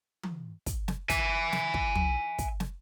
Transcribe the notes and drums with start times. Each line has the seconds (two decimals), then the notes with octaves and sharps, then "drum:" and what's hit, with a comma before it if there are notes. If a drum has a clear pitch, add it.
0.23 drum: tom E3
0.66 drum: kick, hi-hat
0.88 drum: snare
1.09 E5 G#5, drum: kick, hi-hat
1.52 drum: snare
1.74 drum: kick
1.95 drum: tom
2.38 drum: kick, hi-hat
2.60 drum: snare